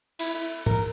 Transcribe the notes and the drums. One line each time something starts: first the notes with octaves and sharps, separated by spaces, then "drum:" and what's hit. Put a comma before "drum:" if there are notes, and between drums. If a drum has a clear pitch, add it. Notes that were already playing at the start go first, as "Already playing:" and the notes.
E4, drum: cymbal
E4
A#4, drum: tom